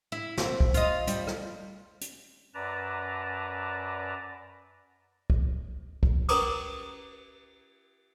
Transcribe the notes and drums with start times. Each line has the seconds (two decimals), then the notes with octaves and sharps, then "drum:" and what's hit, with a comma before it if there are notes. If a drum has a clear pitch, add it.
0.12 E4
0.38 C4, drum: snare
0.60 drum: kick
0.74 F4 D#5, drum: hi-hat
1.07 G3, drum: hi-hat
1.27 drum: rim click
2.01 drum: hi-hat
2.54 F#2 B4 D5 A5 A#5
5.30 drum: kick
6.03 drum: kick
6.29 C#4 A#4 B4 A#5 D6 D#6, drum: cymbal